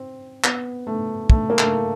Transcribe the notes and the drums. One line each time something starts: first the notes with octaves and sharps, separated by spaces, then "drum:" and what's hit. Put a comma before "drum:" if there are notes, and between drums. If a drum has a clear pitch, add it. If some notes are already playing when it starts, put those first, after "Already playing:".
Already playing: C4
B3, drum: clap
A3
A3, drum: kick
A#3
A3, drum: clap